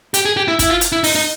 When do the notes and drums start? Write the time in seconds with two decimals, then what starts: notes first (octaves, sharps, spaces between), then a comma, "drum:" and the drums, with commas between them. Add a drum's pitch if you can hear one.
0.14 G4, drum: hi-hat
0.25 G#4
0.37 G4
0.48 E4
0.59 E4, drum: kick, hi-hat
0.70 F4
0.81 drum: hi-hat
0.92 E4
1.04 D#4, drum: open hi-hat
1.15 D#4